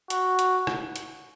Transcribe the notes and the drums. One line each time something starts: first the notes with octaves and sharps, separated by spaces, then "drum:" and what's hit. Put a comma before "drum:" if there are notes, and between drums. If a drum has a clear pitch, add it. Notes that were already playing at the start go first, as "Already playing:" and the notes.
F#4, drum: hi-hat
drum: hi-hat
drum: rim click
drum: hi-hat